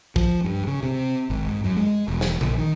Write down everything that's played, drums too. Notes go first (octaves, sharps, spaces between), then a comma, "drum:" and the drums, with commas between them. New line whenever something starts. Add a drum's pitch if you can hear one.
F3, drum: kick
G2
C#3
C3
G#1
G#2
F#2
G#3
E1
drum: snare
A#1, drum: tom C#3
D#3